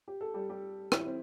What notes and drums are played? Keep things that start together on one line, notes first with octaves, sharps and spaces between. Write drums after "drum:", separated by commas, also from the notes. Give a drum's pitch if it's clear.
G4
A4
G3 G4
G3 G4
E3 E4, drum: rim click
C4